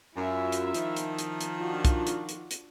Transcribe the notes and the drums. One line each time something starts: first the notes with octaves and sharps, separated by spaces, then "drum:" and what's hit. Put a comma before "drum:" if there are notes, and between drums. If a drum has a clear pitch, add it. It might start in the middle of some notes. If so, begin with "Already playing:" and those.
F#2 E4 F4 E5
drum: hi-hat
D#3 F3, drum: hi-hat
drum: hi-hat
drum: hi-hat
drum: hi-hat
D4 F4 F#4
drum: kick, hi-hat
drum: hi-hat
drum: hi-hat
drum: hi-hat